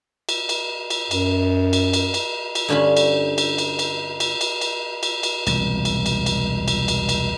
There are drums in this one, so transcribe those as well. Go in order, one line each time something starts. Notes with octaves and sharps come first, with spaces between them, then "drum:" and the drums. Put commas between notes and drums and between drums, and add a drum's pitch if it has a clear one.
drum: cymbal
drum: cymbal
drum: cymbal
F#2, drum: cymbal
drum: cymbal
drum: cymbal
drum: cymbal
drum: cymbal
G2 D3 C#4 F4 B5
drum: cymbal
drum: cymbal
drum: cymbal
drum: cymbal
drum: cymbal
drum: cymbal
drum: cymbal
drum: cymbal
drum: cymbal
E1 C2, drum: cymbal
drum: cymbal
drum: cymbal
drum: cymbal
drum: cymbal
drum: cymbal
drum: cymbal